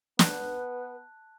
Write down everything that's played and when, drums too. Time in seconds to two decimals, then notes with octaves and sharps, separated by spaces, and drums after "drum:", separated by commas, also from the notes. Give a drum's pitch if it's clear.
0.19 B3 B4 A5 F#6, drum: snare